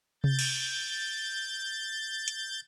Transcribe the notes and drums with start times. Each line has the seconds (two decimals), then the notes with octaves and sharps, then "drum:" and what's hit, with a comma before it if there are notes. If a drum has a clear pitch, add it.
0.24 G6 A6, drum: tom C3
0.39 drum: cymbal
2.28 drum: hi-hat